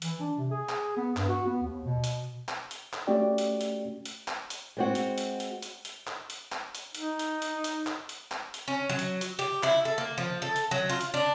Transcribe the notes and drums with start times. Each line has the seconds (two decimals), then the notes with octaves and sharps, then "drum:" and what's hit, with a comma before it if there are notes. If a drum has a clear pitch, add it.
0.02 E3, drum: hi-hat
0.20 D4
0.37 C3
0.51 G#4
0.69 drum: clap
0.97 B3
1.17 G2, drum: clap
1.28 F#4
1.46 B3
1.62 D#2
1.85 B2
2.04 drum: hi-hat
2.49 drum: clap
2.71 drum: hi-hat
2.93 drum: clap
3.07 A3 C#4 F#4 G4 D5 G5
3.38 drum: hi-hat
3.61 drum: hi-hat
4.05 drum: hi-hat
4.28 drum: clap
4.50 drum: hi-hat
4.77 G#3 C4 F#4
4.95 drum: hi-hat
5.18 drum: hi-hat
5.40 drum: hi-hat
5.62 drum: hi-hat
5.85 drum: hi-hat
6.07 drum: clap
6.30 drum: hi-hat
6.52 drum: clap
6.75 drum: hi-hat
6.95 D#4, drum: hi-hat
7.19 drum: hi-hat
7.42 drum: hi-hat
7.64 drum: hi-hat
7.87 drum: clap
8.09 drum: hi-hat
8.32 drum: clap
8.54 drum: hi-hat
8.68 C#4
8.90 F#3
8.99 drum: hi-hat
9.21 drum: hi-hat
9.39 G4
9.63 E4, drum: clap
9.85 A4
9.98 A#3
10.18 F3
10.42 A4
10.56 drum: hi-hat
10.71 F#3
10.89 F4
11.01 drum: hi-hat
11.14 D4